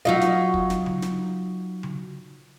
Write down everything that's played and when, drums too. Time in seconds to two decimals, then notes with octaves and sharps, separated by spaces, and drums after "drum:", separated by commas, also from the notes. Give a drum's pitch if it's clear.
0.05 F#3 D#4 F4 F#4 D#5 F5
0.21 drum: snare
0.54 drum: kick
0.70 drum: snare
0.86 drum: tom C#3
1.02 drum: snare
1.83 drum: tom C#3